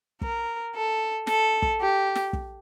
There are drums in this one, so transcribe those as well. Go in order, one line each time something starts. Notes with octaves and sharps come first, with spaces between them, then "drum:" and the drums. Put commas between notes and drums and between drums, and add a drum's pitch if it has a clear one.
A#4, drum: kick
A4
A4, drum: snare
drum: kick
G4
drum: snare
drum: kick